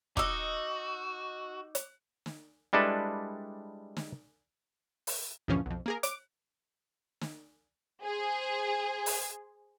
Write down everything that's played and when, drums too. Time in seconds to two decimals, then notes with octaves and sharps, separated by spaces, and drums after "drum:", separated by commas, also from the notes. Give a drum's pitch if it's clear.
0.17 D#4 F#4 D#5 D6 E6, drum: kick
1.75 drum: hi-hat
2.26 drum: snare
2.73 G3 G#3 D4 E4 A4 B4
3.97 drum: snare
5.07 drum: open hi-hat
5.48 D2 G2 A#2 E3 F3 C#4
5.66 B1 F2
5.86 A#3 G#4 A#4
6.03 D6, drum: hi-hat
7.21 drum: snare
8.03 G#4 C5
9.06 drum: open hi-hat